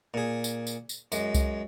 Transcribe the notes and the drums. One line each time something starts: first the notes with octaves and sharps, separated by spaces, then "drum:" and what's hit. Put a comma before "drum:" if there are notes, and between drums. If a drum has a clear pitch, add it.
A#2 G#4
drum: tambourine
drum: tambourine
drum: tambourine
F#2 G#3, drum: tambourine
drum: kick C2, tambourine